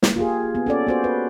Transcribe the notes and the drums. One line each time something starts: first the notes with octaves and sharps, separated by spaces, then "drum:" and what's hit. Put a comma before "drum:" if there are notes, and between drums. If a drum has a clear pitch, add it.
A#3, drum: snare
F4 G4 G#4
B3
C#4 A4 D5
B3 F#4 C5
B4